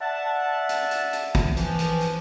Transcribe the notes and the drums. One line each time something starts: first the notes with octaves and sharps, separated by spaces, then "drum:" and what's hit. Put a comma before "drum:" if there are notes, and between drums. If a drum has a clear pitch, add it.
D5 E5 F#5 A5
drum: hi-hat
drum: hi-hat
drum: hi-hat
drum: kick, hi-hat
E3 F3, drum: hi-hat
drum: hi-hat
drum: hi-hat